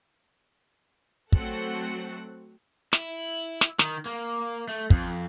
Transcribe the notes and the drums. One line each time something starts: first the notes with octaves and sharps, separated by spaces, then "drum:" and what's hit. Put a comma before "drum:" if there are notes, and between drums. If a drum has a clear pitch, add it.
F#3 A3 C4 F#4 A4 F#5, drum: kick
E4, drum: snare
drum: snare
D#3, drum: snare
A#3
A3
F2, drum: kick